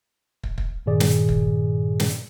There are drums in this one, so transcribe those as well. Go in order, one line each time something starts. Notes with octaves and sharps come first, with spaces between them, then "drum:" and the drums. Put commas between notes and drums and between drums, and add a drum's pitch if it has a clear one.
drum: kick
drum: kick
G2 A#2 D#3 G#4 D5
drum: snare
drum: kick
drum: snare